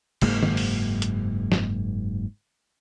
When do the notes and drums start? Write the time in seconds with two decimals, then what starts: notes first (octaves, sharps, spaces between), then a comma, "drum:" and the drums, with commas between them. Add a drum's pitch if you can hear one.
0.21 F#1 G#2 A#3, drum: cymbal
0.43 drum: tom D#3
0.57 drum: open hi-hat
1.02 drum: hi-hat
1.52 drum: snare